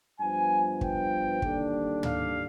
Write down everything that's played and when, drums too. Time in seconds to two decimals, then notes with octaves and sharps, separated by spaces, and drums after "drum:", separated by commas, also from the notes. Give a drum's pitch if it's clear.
0.19 G2 F3 B3 G#5
0.81 G5, drum: kick
1.42 D#2 D3 G3 D4, drum: kick
2.03 F5, drum: tom